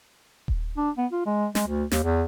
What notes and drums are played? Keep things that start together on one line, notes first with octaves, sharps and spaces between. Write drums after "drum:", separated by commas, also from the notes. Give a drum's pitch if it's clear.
drum: kick D#1
D4
B3
F4
G#3
G#3, drum: snare
D2
D#2, drum: snare
E2